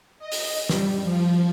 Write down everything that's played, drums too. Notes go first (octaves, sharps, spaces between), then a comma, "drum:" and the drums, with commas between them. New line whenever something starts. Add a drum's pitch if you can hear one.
D#5
drum: open hi-hat
G3, drum: snare
F3